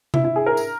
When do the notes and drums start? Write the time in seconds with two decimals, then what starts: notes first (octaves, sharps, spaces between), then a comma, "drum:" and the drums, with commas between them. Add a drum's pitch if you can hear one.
0.14 E4, drum: tom C3
0.24 E4
0.36 G#4
0.46 A#4
0.57 drum: tambourine